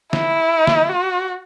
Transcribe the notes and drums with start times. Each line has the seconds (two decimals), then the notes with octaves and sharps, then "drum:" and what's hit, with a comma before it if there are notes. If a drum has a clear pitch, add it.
0.13 E4, drum: snare
0.67 drum: snare
0.89 F#4